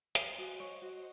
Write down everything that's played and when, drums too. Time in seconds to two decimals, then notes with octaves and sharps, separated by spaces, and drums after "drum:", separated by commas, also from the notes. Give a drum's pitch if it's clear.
0.15 C5 D#5 G#5, drum: hi-hat
0.38 F#4
0.60 C#5
0.82 F#4